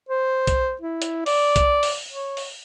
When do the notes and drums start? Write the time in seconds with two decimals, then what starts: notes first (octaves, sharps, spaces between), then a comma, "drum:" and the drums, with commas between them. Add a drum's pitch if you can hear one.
0.09 C5
0.47 drum: kick, hi-hat
0.81 E4
1.02 drum: hi-hat
1.26 D5, drum: open hi-hat
1.56 drum: kick, hi-hat
1.83 drum: open hi-hat
2.10 C#5
2.37 drum: open hi-hat